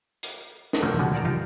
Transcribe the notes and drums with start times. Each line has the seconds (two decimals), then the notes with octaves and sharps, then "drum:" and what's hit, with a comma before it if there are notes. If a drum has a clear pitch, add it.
0.23 drum: hi-hat
0.73 drum: snare
0.82 D3 F3 F#3 A3 A#3 C4
0.99 B2 D3 G3 G#3 F4 F#4
1.13 G#4 A#4 D5 F#5 A5 A#5
1.25 D#4 F4 G4